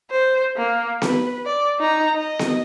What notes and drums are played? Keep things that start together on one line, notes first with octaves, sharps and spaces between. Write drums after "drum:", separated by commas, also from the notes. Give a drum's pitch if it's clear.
C5
A#3
B4, drum: snare B3
D5
D#4 A#5
D#5
drum: snare B3